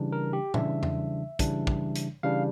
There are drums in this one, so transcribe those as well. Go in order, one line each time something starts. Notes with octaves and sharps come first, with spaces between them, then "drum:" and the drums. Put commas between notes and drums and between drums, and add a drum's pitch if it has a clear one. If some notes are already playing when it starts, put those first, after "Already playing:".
Already playing: C#3 E3 G3 D4
A#4
G4
C#3 E3 G3 D4 E5, drum: tom A#2
drum: tom E2
C#3 E3 G3 D4, drum: kick, hi-hat
drum: kick
drum: hi-hat
C#3 E3 G3 D4 F5